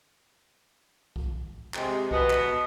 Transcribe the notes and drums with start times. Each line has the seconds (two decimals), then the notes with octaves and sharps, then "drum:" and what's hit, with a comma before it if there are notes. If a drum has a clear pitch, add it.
1.16 drum: kick B1
1.74 C3 G#3, drum: clap
2.11 B2 B3 D#5, drum: kick B1
2.30 drum: clap